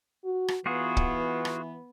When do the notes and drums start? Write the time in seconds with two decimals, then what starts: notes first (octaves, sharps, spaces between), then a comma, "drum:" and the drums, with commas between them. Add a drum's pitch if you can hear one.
0.24 F#4
0.48 drum: rim click
0.66 E3 B3 F4 F#4 G#4
0.97 drum: kick
1.45 drum: rim click